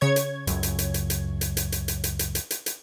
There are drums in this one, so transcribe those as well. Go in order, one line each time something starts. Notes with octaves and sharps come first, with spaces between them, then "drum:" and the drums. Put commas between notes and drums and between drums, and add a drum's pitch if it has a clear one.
C#3 C#5 G#6
drum: hi-hat
C#2 F#2, drum: hi-hat
drum: hi-hat
drum: hi-hat
drum: hi-hat
drum: hi-hat
drum: hi-hat
drum: hi-hat
drum: hi-hat
drum: hi-hat
drum: hi-hat
drum: hi-hat
drum: hi-hat
drum: hi-hat
drum: hi-hat